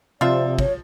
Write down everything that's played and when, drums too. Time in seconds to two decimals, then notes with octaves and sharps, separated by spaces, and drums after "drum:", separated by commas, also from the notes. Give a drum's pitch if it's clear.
0.21 C3 F3 F4 C5 D5 E5
0.59 C#5, drum: kick